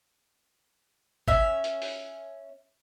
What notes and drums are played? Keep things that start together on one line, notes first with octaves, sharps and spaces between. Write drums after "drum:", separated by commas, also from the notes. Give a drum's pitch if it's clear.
C#4 E5, drum: kick
drum: hi-hat
drum: open hi-hat